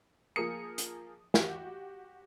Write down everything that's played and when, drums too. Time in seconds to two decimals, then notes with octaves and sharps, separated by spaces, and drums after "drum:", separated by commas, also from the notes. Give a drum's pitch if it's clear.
0.36 F3 A#3 G#4 A#4 D#6 C#7
0.78 drum: hi-hat
1.34 F#4 G4, drum: snare